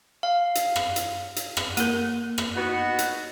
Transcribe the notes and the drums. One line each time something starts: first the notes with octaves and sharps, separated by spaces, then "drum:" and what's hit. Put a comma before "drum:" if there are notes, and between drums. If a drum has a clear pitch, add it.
F5
drum: hi-hat
drum: rim click
drum: hi-hat
drum: hi-hat
drum: rim click
A#3 A#4, drum: hi-hat
drum: rim click
B3 D#4 F#4
drum: hi-hat